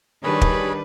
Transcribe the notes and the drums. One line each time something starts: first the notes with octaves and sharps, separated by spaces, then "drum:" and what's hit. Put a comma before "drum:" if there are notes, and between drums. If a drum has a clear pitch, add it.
D#3 G3 D4 G#4 B4 C#5 B5
drum: kick